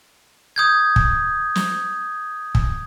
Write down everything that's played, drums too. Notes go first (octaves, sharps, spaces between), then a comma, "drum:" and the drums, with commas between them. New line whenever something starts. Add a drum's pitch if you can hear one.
D#6 G6 G#6
drum: kick
drum: snare
drum: kick